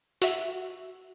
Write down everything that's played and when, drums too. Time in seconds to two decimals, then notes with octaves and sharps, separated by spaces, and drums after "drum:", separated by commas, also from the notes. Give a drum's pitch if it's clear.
0.22 F#4 E5, drum: open hi-hat